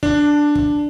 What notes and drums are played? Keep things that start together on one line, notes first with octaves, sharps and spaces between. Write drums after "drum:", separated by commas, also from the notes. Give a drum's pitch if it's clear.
D4, drum: kick
drum: kick